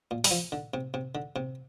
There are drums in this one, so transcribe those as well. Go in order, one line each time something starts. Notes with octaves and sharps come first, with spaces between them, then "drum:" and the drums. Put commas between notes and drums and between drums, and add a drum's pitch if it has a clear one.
A#2
G3, drum: open hi-hat
F3
D3
C3
C3
D3
C3